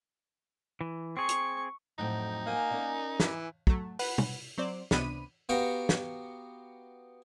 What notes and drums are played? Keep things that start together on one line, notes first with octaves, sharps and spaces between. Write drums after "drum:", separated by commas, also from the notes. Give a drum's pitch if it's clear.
E3
C4 G#4 C#6
drum: hi-hat
F2 A2 F#3 D#4 F#5 G5
A#3 F#5 G#5
C#4 A#4 D5
E3 B5 D6, drum: snare
F#3 A3, drum: kick
B4 F#5 B5, drum: open hi-hat
drum: tom B2
F#3 C4 C5 D5
C#2 C3 B3 D4 B5 D#7, drum: snare
B3 F#4 G4 F5 G5 A#5
drum: snare